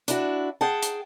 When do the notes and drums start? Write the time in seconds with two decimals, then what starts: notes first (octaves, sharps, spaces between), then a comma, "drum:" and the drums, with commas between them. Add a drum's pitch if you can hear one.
0.08 D4 E4 F#4, drum: hi-hat
0.61 G#4 F#5 G5 A5
0.82 drum: hi-hat